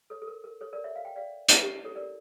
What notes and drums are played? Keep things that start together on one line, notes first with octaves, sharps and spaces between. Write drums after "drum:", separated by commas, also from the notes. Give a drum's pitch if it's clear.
A4 C#5
A4
A#4
A#4
A4 C#5
A#4 D5
C#5 E5
F5
G5
D5 F5
drum: hi-hat
G4
E4
A4 C#5
A#4 D5